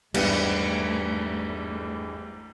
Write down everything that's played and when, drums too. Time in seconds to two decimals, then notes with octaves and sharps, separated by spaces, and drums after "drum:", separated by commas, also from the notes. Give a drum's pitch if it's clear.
0.14 G#1 E2 G2 G3 A3 B3, drum: cymbal